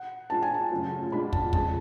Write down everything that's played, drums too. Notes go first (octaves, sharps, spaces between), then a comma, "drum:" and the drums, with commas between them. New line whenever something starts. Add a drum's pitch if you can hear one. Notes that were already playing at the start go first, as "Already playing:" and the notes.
Already playing: F#5
F3 G#3 D4 F4 A5
G#5
A5
F#2 C#3 F#3 A3 F4
B2 G#3 D4 F4 B5
A5, drum: kick
F2 C#3 G#3 A5, drum: kick